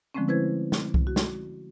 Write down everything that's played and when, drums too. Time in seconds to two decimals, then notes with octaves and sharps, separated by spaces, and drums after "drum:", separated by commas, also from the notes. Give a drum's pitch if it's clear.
0.15 D3 F3 G#3 A3 C4 C#4
0.28 E4 B4 C5 G#6
0.72 drum: snare
0.94 drum: kick C2
1.07 F#4
1.16 drum: snare